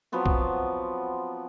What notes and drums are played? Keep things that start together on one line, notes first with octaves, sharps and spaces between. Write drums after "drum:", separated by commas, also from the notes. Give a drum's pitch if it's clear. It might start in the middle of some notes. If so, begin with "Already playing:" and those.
F3 F#3 B3 C4
drum: kick